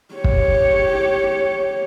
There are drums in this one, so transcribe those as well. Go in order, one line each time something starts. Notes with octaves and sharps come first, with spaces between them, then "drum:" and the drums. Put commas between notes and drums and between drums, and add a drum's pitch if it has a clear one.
G4 C#5
drum: kick